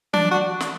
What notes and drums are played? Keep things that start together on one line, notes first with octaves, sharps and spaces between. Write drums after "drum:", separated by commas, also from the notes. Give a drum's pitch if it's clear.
D4, drum: tom
F#4
drum: snare